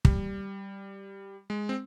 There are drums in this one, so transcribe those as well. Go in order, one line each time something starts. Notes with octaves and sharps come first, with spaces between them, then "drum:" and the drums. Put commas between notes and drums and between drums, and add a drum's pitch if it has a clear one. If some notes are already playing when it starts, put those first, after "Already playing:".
G3, drum: kick
G#3
C4